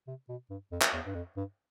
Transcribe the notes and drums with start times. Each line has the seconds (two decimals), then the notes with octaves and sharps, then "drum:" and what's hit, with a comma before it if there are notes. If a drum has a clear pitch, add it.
0.07 C3
0.29 B2
0.50 G2
0.72 F2
0.82 drum: clap
0.93 E2
1.06 G2
1.15 F2
1.37 G2